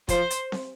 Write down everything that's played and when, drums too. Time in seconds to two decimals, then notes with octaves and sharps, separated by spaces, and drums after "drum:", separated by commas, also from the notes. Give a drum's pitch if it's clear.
0.09 F3 C5, drum: kick, hi-hat
0.30 drum: hi-hat
0.52 drum: snare C4